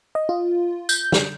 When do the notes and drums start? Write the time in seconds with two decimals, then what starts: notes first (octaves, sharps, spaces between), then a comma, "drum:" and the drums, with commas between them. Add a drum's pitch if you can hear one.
0.15 D#5
0.29 F4
0.89 G6, drum: tambourine
1.12 drum: snare